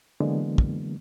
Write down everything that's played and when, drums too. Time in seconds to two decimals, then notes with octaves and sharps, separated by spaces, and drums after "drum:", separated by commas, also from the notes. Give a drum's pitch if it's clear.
0.20 D3 E3 F#3 G#3 A#3 B3
0.58 drum: kick